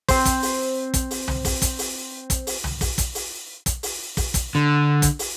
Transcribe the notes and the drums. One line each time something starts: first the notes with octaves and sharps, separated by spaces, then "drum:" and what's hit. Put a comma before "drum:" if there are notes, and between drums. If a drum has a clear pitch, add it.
C4 C5, drum: kick, open hi-hat
drum: kick, hi-hat
drum: open hi-hat
drum: kick, hi-hat
drum: open hi-hat
drum: tom C2
drum: kick, open hi-hat
drum: kick, hi-hat
drum: open hi-hat
drum: kick, hi-hat
drum: open hi-hat
drum: tom C2
drum: kick, open hi-hat
drum: kick, hi-hat
drum: open hi-hat
drum: kick, hi-hat
drum: open hi-hat
drum: kick, open hi-hat
drum: kick, hi-hat
D3
drum: kick, hi-hat
drum: open hi-hat